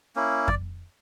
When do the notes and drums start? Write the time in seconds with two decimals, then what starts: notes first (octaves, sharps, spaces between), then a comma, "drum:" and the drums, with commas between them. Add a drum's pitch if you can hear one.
0.16 A#3 C#4 E4
0.48 D5, drum: kick F2